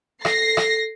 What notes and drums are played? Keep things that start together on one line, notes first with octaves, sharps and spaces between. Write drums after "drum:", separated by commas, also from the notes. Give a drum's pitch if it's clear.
A4 A#6 C7, drum: rim click
drum: rim click